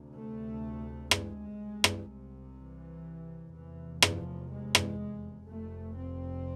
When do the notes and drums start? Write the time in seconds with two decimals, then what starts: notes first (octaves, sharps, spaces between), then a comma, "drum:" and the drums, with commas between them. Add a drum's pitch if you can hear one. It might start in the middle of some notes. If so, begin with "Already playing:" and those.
Already playing: D2 C3
0.14 A3
1.11 G#3, drum: rim click
1.60 C2 C3
1.84 drum: rim click
2.57 E3
3.53 F1 E2 C3 E3
4.02 F3, drum: rim click
4.51 G#3
4.75 drum: rim click
5.47 F1 F2 C3 A3
5.97 C4